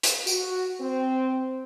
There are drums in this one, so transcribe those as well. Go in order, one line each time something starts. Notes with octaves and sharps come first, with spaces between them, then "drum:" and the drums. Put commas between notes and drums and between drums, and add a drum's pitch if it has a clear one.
drum: hi-hat
F#4, drum: tambourine
C4